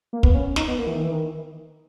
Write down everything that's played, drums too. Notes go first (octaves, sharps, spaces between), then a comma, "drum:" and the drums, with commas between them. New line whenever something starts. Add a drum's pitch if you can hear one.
A#3
B3, drum: kick
C#4
D#4, drum: snare
B3
A#3
E3
D#3
E3
D#3